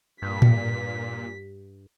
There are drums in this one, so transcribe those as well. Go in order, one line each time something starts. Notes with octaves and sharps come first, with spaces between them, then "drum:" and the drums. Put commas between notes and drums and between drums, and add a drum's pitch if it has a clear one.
G2 A#2 B6
drum: tom A2